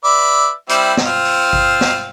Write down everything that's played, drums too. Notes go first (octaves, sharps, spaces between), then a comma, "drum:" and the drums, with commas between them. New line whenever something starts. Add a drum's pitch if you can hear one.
B4 D5 E5
G3 C4 E4, drum: hi-hat
drum: snare
C4 F4
drum: open hi-hat
drum: kick G#1
drum: snare